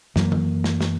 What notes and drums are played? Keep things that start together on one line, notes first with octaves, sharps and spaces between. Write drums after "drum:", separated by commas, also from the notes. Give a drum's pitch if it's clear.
F#2 E3 F#3 A#3, drum: snare
drum: tom D3
drum: snare
drum: snare